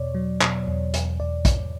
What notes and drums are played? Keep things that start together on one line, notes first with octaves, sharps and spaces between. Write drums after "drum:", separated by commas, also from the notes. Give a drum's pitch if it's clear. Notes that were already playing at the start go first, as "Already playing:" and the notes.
Already playing: E2 B2 C#5 D5
F#3
B2, drum: clap
E2
E2, drum: hi-hat
E2 D5
E2, drum: kick, hi-hat